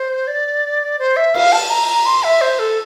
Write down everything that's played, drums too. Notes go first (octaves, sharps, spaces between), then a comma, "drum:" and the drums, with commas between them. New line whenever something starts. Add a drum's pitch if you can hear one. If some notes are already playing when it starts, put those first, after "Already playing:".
Already playing: C5
D5
C5
E5
F5, drum: cymbal
A5
A#5
A#5
C6
E5
C5
A4